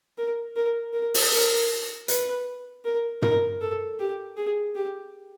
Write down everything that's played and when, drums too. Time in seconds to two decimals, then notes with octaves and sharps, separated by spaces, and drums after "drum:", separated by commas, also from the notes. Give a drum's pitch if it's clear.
0.18 A#4
0.56 A#4
0.93 A#4
1.14 drum: open hi-hat
1.32 A#4
2.08 B4, drum: hi-hat
2.85 A#4
3.22 A#4, drum: tom
3.61 A4
4.00 G4
4.37 G#4
4.75 G4